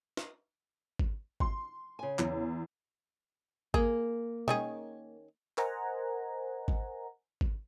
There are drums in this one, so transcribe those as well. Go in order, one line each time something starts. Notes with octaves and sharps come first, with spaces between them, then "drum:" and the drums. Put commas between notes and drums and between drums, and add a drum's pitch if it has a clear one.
drum: snare
drum: kick G#1
C6, drum: kick G#1
C#3 G#5
E2, drum: clap
A#3 G#4, drum: kick G#1
D#3 C#4 G#4, drum: tom
A#4 C5 D#5 F#5 G#5 A#5, drum: clap
drum: kick G#1
drum: kick G#1